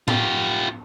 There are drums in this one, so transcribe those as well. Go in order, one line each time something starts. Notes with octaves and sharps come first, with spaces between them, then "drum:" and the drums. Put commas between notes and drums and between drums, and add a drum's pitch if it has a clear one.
F4 G4, drum: tom A2